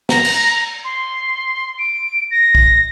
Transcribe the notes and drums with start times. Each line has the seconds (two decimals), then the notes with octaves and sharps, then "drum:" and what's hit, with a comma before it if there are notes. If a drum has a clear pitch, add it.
0.09 A#5, drum: snare
0.25 drum: cymbal
0.84 C6
1.78 D7
2.31 A#6
2.55 drum: kick A#1